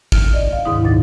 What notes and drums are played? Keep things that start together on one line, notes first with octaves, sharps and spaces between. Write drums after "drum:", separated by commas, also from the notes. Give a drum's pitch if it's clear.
F6, drum: kick
D5 D#5
F5
D2 G#2 C3 D#3 E4 D#6
D2 A#2 D#4 A6